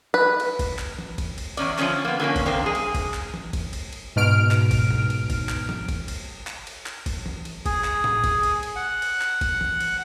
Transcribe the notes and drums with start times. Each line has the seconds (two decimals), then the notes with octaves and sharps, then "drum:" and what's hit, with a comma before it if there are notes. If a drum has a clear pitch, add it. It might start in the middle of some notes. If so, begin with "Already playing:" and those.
0.14 B4
0.40 drum: cymbal
0.59 drum: kick F#1, cymbal
0.79 drum: clap
0.99 drum: tom E3
1.18 drum: kick F#1, cymbal
1.38 drum: cymbal
1.57 E2 D#3 C#4 D5, drum: cymbal
1.79 D3 F3 B3 C#4, drum: clap
2.05 A#3 B3
2.20 D3 F3 F#3 A#3 C#4
2.36 drum: kick F#1, cymbal
2.46 E2 A#3 C4 D4
2.63 G#3 G#4
2.75 drum: cymbal
2.95 drum: kick F#1, cymbal
3.14 drum: clap
3.34 drum: tom E3
3.53 drum: kick F#1, cymbal
3.73 drum: cymbal
3.93 drum: cymbal
4.16 G#2 B2 F6 D7
4.51 drum: clap
4.71 drum: kick F#1, cymbal
4.91 drum: tom G#2
5.10 drum: cymbal
5.30 drum: kick F#1, cymbal
5.49 drum: clap
5.69 drum: tom E3
5.88 drum: kick F#1, cymbal
6.08 drum: cymbal
6.47 drum: clap
6.67 drum: cymbal
6.86 drum: clap
7.06 drum: kick F#1, cymbal
7.26 drum: tom E3
7.45 drum: cymbal
7.66 G#4, drum: kick F#1, cymbal
7.84 drum: clap
8.04 drum: tom A2
8.24 drum: kick F#1, cymbal
8.43 drum: cymbal
8.63 drum: cymbal
8.76 F#5
9.02 drum: cymbal
9.22 drum: clap
9.41 drum: kick F#1, cymbal
9.61 drum: tom E3
9.80 drum: cymbal